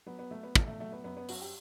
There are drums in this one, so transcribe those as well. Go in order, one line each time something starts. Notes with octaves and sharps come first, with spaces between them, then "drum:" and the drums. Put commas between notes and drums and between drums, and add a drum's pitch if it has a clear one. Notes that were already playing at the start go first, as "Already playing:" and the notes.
F#3 B3
B3
F#3 A3
B3
B2 A3, drum: kick
A3
F#3 A3
B3
F#2 B3
B3
F#2 F#4, drum: open hi-hat
G4